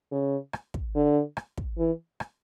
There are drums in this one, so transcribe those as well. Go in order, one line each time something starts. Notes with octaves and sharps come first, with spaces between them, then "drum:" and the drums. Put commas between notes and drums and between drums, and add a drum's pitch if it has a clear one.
C#3
drum: rim click
drum: kick
D3
drum: rim click
drum: kick
E3
drum: rim click